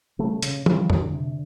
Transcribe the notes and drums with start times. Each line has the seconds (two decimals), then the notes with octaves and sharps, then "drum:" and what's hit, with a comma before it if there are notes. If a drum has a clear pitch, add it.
0.19 C#3 G3 A3
0.42 C#3, drum: hi-hat
0.66 D3 F3 G3, drum: tom
0.90 D3, drum: tom F2
1.13 C3